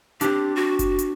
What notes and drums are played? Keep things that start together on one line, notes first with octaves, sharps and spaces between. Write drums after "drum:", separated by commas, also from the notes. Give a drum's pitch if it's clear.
C4 D4 G4, drum: hi-hat
F#4
drum: kick F#1, hi-hat
drum: hi-hat